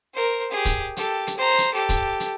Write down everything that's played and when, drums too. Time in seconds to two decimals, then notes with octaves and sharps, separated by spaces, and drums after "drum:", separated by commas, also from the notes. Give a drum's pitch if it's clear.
0.14 A#4 C5
0.51 G4 G#4
0.65 drum: kick, hi-hat
0.97 G4 A4, drum: hi-hat
1.27 drum: hi-hat
1.37 C5 A#5
1.58 drum: hi-hat
1.74 G4 A4
1.89 drum: kick, hi-hat
2.20 drum: hi-hat